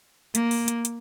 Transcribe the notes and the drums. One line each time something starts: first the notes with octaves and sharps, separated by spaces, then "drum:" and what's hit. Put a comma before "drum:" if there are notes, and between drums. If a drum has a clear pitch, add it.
A#3, drum: hi-hat
drum: open hi-hat
drum: hi-hat
drum: hi-hat